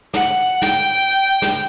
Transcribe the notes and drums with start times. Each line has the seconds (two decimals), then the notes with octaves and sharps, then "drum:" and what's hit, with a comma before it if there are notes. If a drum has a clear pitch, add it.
0.14 F#5, drum: snare
0.30 drum: hi-hat
0.46 drum: hi-hat
0.62 G5, drum: snare
0.78 drum: hi-hat
0.94 drum: hi-hat
1.10 drum: hi-hat
1.42 drum: snare